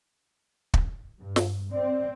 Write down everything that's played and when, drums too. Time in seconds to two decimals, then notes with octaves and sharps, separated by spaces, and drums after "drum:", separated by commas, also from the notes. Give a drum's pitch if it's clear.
0.74 drum: kick
1.20 G2
1.36 drum: snare
1.72 C4 D5